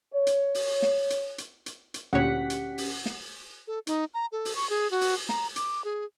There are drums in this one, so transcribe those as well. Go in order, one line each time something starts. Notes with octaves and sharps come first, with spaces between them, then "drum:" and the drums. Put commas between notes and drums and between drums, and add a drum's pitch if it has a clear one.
C#5
drum: hi-hat
drum: open hi-hat
drum: snare
drum: hi-hat
drum: hi-hat
drum: hi-hat
drum: hi-hat
D2 A#2 C#4 G4 C#5 F#5 B6
drum: hi-hat
drum: open hi-hat
drum: snare
A4
D#4, drum: hi-hat
A#5
A4
drum: open hi-hat
C#6
G#4
F#4
drum: open hi-hat
A#5, drum: snare
D6, drum: hi-hat
G#4